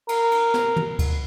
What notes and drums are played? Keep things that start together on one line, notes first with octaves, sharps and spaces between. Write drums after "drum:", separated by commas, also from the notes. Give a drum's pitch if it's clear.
A#4, drum: cymbal
drum: cymbal
drum: snare
drum: tom
drum: kick C#2, cymbal